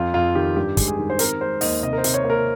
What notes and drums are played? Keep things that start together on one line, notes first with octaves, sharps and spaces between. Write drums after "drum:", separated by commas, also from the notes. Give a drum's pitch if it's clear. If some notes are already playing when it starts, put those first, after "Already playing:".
Already playing: F2 F4
F2 F4
D#3 G4
G2 G4
G#3, drum: kick, hi-hat
G#4
D#3
C5
C4 A#4, drum: hi-hat
G#3 C5
D#2 D#5, drum: open hi-hat
C3 D#5
A#4
C5
C3, drum: hi-hat
C#5
A#3
A#4